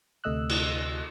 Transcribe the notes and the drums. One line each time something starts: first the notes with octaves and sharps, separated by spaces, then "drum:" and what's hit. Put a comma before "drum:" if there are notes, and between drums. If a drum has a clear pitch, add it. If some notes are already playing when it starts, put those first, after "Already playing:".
D2 C3 A3 D#5 E6 F#6
drum: cymbal